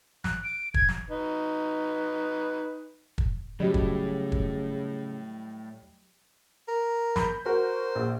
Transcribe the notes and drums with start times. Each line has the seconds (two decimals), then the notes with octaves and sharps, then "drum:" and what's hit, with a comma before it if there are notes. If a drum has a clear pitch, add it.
0.24 F#6, drum: snare
0.44 D7
0.74 G#6, drum: kick
0.89 drum: snare
1.10 D#4 B4
3.18 drum: kick
3.60 A2 C#3 F#3 G3 G4 D#5
3.74 drum: kick
4.32 drum: kick
6.68 A#4
7.16 B5 G6, drum: snare
7.46 F#4 A#4 C5
7.95 A#1